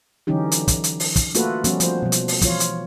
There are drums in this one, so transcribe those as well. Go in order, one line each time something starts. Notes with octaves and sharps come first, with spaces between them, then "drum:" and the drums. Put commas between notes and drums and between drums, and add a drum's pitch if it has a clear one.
D3 E3 F#3 C#4 D#4 G4
drum: hi-hat
drum: kick, hi-hat
drum: hi-hat
drum: open hi-hat
drum: kick, hi-hat
A3 A#3 F4 F#4 A4 B4, drum: hi-hat
F3 G3 B3 C#4 F#4, drum: hi-hat
F3 C5, drum: hi-hat
B2 F3
drum: hi-hat
drum: open hi-hat
E3 F3 F4 C#5, drum: kick, hi-hat
drum: hi-hat